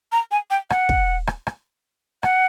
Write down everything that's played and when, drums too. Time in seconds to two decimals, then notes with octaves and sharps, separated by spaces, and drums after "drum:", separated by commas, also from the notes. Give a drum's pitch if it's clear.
0.12 A#5
0.31 G#5
0.51 G5
0.70 F#5, drum: rim click
0.89 drum: kick
1.27 drum: rim click
1.47 drum: rim click
2.23 F#5, drum: rim click